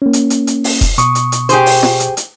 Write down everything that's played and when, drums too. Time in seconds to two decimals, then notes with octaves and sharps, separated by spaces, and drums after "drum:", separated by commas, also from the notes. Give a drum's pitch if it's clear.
0.02 A#3 C#4
0.13 drum: hi-hat
0.30 drum: hi-hat
0.47 drum: hi-hat
0.64 drum: open hi-hat
0.81 drum: kick F1, hi-hat
0.98 B2 C#6 D#6, drum: hi-hat
1.15 drum: hi-hat
1.32 drum: hi-hat
1.49 G4 G#4 C5, drum: hi-hat
1.66 drum: open hi-hat
1.83 drum: snare
2.00 drum: hi-hat
2.17 drum: hi-hat